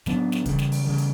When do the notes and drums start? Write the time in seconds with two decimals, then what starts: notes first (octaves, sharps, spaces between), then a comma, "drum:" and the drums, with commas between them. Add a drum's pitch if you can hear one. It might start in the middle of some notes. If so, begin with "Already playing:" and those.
0.06 A2 F#3 B3 D4, drum: snare
0.32 drum: snare
0.46 C#3 E3 G3, drum: kick, hi-hat
0.59 drum: snare
0.72 drum: open hi-hat
0.84 C#3 E3 G3
0.98 drum: hi-hat